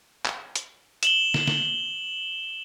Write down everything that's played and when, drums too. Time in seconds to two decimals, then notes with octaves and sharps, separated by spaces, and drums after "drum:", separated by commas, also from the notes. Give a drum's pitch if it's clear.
0.25 drum: clap
0.55 drum: hi-hat
1.03 E7 F#7 G7, drum: hi-hat
1.34 drum: snare
1.47 drum: snare